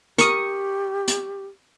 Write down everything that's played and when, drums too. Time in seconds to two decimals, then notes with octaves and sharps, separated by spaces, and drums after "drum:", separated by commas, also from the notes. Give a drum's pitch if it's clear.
0.18 G4 A#4 C#6 D#6, drum: hi-hat
1.08 drum: hi-hat